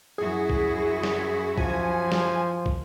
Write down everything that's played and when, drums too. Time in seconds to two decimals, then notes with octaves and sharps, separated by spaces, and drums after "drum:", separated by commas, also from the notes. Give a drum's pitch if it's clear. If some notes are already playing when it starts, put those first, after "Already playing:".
0.18 F#2 E4 F#4 G#4
0.49 drum: kick
1.03 drum: snare
1.58 F3 G#5, drum: kick
2.12 drum: snare
2.66 drum: kick